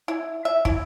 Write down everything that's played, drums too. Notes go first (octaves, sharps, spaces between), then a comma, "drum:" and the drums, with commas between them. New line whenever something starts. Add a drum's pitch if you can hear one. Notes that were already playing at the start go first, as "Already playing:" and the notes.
E4
E5
E4, drum: kick